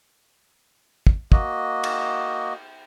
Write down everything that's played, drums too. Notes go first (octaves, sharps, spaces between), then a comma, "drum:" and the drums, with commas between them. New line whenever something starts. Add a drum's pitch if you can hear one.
drum: kick
A#3 F#4 D#5, drum: kick
drum: cymbal